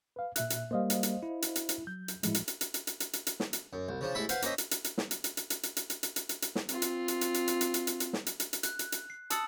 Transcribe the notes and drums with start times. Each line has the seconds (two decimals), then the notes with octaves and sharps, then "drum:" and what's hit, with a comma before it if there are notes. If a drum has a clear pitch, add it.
0.16 B4 F5
0.36 A#2 E5 F#6, drum: hi-hat
0.50 drum: hi-hat
0.71 G3 A#3 C5 D#5 F5
0.90 drum: hi-hat
1.03 drum: hi-hat
1.23 E4
1.42 drum: hi-hat
1.56 drum: hi-hat
1.69 drum: hi-hat
1.87 F#3 G6
2.08 drum: hi-hat
2.23 A2 F3 G#3 A3 E4, drum: hi-hat
2.34 drum: hi-hat
2.48 drum: hi-hat
2.61 drum: hi-hat
2.74 drum: hi-hat
2.87 drum: hi-hat
3.00 drum: hi-hat
3.13 drum: hi-hat
3.27 drum: hi-hat
3.40 drum: snare
3.53 drum: hi-hat
3.73 F#2
3.89 C2
4.01 C#3 F3 D4
4.15 A1 G#3 E4 A4 B5
4.29 B4 C5 F5 F#5, drum: hi-hat
4.42 A#3 C#4 C5 D#5 E5, drum: hi-hat
4.58 drum: hi-hat
4.71 drum: hi-hat
4.84 drum: hi-hat
4.98 drum: snare
5.11 drum: hi-hat
5.24 drum: hi-hat
5.37 drum: hi-hat
5.50 drum: hi-hat
5.63 drum: hi-hat
5.77 drum: hi-hat
5.90 drum: hi-hat
6.03 drum: hi-hat
6.16 drum: hi-hat
6.29 drum: hi-hat
6.42 drum: hi-hat
6.55 drum: snare
6.69 C4 F4, drum: hi-hat
6.82 drum: hi-hat
7.08 drum: hi-hat
7.21 drum: hi-hat
7.34 drum: hi-hat
7.48 drum: hi-hat
7.61 drum: hi-hat
7.74 drum: hi-hat
7.87 drum: hi-hat
8.00 drum: hi-hat
8.13 drum: snare
8.26 drum: hi-hat
8.40 drum: hi-hat
8.53 drum: hi-hat
8.63 F#6, drum: hi-hat
8.79 drum: hi-hat
8.92 drum: hi-hat
9.10 C7
9.30 A5 D#6 E6 A6 C#7 F#7, drum: hi-hat